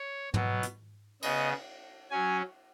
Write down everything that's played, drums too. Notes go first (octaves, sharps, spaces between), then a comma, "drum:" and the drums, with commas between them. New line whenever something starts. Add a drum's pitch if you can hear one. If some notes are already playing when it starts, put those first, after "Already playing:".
Already playing: C#5
B2 F#3 B3, drum: tom
drum: hi-hat
C#3 B3 D#5, drum: cymbal
F#3 C#4 G#5